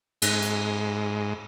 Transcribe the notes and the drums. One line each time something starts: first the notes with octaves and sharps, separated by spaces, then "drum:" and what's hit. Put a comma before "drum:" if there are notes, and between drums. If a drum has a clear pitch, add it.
G#2, drum: cymbal
drum: hi-hat